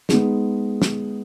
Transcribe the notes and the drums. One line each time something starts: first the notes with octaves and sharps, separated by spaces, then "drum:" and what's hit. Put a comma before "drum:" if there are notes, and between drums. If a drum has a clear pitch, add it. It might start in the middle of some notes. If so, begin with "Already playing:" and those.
G#3 B3 D#4 G#4, drum: snare
drum: snare